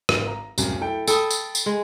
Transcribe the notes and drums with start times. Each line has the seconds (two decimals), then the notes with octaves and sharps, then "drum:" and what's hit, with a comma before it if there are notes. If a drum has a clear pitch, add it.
0.09 G#1, drum: rim click
0.27 A#5
0.58 D1 C2 F#2, drum: tambourine
0.81 E4 A4 G5
1.07 A4 G5 B5 D#6, drum: tambourine
1.31 drum: tambourine
1.55 drum: tambourine
1.66 G#3